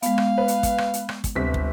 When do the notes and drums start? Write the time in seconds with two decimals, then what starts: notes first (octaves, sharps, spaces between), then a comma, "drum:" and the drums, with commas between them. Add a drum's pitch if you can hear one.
0.02 G#3 B3 F5, drum: hi-hat
0.18 drum: rim click
0.38 B4
0.48 drum: hi-hat
0.63 drum: kick, hi-hat
0.78 drum: rim click
0.93 drum: hi-hat
1.09 drum: rim click
1.24 drum: kick, hi-hat
1.36 G1 D2 C3 B6
1.54 drum: kick